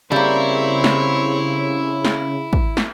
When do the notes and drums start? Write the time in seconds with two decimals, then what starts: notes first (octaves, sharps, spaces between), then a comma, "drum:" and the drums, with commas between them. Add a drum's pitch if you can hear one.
0.12 C#3 G3 A#3 C4 E4 C#5
0.84 drum: snare
2.05 drum: snare
2.53 drum: kick
2.77 drum: snare